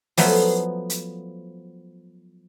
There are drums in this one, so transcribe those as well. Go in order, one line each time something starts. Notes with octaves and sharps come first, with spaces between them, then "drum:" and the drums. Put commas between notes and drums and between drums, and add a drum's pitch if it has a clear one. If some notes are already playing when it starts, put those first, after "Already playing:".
F3 F#3 A3 B3, drum: open hi-hat
drum: hi-hat